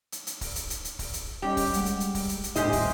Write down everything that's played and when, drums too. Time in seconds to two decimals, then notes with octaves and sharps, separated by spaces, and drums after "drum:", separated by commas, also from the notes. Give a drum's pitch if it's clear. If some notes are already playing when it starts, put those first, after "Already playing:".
0.12 drum: hi-hat
0.27 drum: hi-hat
0.41 drum: kick, open hi-hat
0.56 drum: hi-hat
0.70 drum: hi-hat
0.85 drum: hi-hat
0.99 drum: kick, open hi-hat
1.13 drum: hi-hat
1.42 G3 C#4 G4 D#5
1.57 drum: kick, open hi-hat
1.74 G3 G#3 F#5, drum: hi-hat
1.86 drum: hi-hat
2.00 drum: hi-hat
2.15 drum: kick, open hi-hat
2.29 drum: hi-hat
2.44 drum: hi-hat
2.55 D#1 C2 A2 G4 C5 D#5 E5 G#5, drum: hi-hat
2.72 drum: kick, open hi-hat